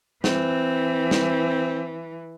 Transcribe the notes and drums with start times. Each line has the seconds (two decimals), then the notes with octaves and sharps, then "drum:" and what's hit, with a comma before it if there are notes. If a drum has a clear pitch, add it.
0.24 E3 C4, drum: snare
1.11 drum: snare